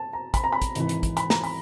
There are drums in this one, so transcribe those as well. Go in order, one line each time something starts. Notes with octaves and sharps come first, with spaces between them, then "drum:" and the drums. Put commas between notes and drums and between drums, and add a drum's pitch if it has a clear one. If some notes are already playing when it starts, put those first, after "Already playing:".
Already playing: A5
A#5
B5, drum: kick, hi-hat
A#5
B5
drum: kick, hi-hat
G#1 G#2 E3, drum: hi-hat
drum: hi-hat
drum: kick, hi-hat
B5, drum: hi-hat
A#5, drum: snare
B5, drum: open hi-hat